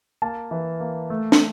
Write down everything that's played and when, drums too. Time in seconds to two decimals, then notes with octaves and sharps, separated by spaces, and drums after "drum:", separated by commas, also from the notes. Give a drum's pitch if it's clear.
0.22 A#3 A5
0.51 E3
0.80 A#3
1.10 A3
1.32 drum: snare